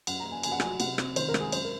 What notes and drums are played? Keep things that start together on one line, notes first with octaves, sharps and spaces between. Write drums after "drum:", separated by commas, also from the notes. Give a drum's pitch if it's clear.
F#2 F#5, drum: cymbal
A#5
A#3
G#5
C#3 G#5, drum: cymbal
F#5
F#3 G#5, drum: rim click
C3 F#5, drum: cymbal
C4, drum: rim click
D#3 C5, drum: cymbal
A#4
G#3, drum: rim click
G#4
F#2 C5, drum: cymbal
A#4